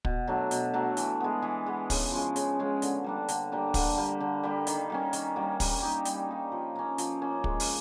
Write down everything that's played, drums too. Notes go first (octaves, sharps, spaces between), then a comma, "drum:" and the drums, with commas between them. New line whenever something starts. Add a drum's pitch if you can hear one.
B2, drum: kick
F#3 A3 D4
B2, drum: hi-hat
F#3 A3 D4
E3, drum: hi-hat
G#3 B3
E3
G#3 B3
C#3, drum: kick, open hi-hat
F3 G#3 C#4
C#3, drum: hi-hat
F3 G#3 C#4
D3, drum: hi-hat
G3 A#3 D4
D3, drum: hi-hat
G3 A#3 D4
D3, drum: kick, open hi-hat
G3 A#3
D3
G3 A#3
D#3, drum: hi-hat
G3 A#3 C#4
D#3, drum: hi-hat
G3 A#3 C#4
G3, drum: kick, open hi-hat
A#3 D#4 G4
G3, drum: hi-hat
A#3 D#4 G4
F3
A#3 C#4
F3, drum: hi-hat
A#3 C#4
G#3, drum: kick
drum: open hi-hat